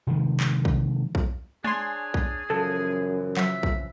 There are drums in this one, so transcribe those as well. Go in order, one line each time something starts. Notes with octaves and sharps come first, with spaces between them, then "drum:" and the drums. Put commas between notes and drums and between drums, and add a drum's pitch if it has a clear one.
C3 D#3 F3 G#3
drum: clap
drum: kick
drum: kick
D4 G#4 C#5 G#5 C6, drum: tom G#3
drum: kick
F#2 C#3 E3 F3 A4
F#3 E5, drum: clap
drum: kick